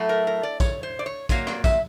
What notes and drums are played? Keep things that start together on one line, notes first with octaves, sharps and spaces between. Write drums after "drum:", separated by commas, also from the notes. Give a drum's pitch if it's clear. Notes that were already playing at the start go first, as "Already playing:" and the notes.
Already playing: A2 F#3 A3
A#4
A#4
D5
C#5, drum: kick, tambourine
C5
D5
C#5
A#2 F#3 A#3 C#5, drum: kick, tambourine
D5, drum: rim click
E5, drum: kick, tambourine